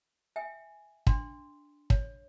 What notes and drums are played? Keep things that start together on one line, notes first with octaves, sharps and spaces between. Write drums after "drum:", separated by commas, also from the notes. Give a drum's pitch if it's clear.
E5 G5 G#5
D4 C6, drum: kick
C#5, drum: kick